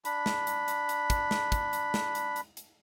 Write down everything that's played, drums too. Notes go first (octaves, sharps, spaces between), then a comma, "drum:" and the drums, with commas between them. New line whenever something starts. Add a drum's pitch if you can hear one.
D4 B5, drum: hi-hat
drum: snare
drum: hi-hat
drum: hi-hat
drum: hi-hat
drum: kick, hi-hat
drum: snare
drum: kick, hi-hat
drum: hi-hat
drum: snare
drum: hi-hat
drum: hi-hat
drum: hi-hat